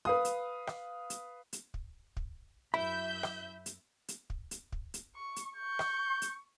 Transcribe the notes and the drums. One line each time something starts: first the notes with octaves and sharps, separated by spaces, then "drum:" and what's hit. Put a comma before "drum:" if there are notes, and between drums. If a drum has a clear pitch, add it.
B4 F5 D#6
drum: hi-hat
drum: rim click
drum: hi-hat
drum: hi-hat
drum: kick
drum: kick
F#2 E4 E5 B5 G6
drum: rim click
drum: hi-hat
drum: hi-hat
drum: kick
drum: hi-hat
drum: kick
drum: hi-hat
C#6
drum: hi-hat
C#6 G6
drum: rim click
drum: hi-hat